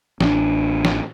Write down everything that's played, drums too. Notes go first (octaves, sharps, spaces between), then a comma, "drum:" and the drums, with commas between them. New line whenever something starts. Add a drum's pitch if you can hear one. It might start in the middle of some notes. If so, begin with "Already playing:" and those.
A1 C4 D4, drum: snare
drum: snare